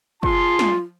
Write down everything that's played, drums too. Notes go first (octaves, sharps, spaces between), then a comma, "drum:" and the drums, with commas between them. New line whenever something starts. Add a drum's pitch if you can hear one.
F4 G#4 A5 C6, drum: kick
drum: snare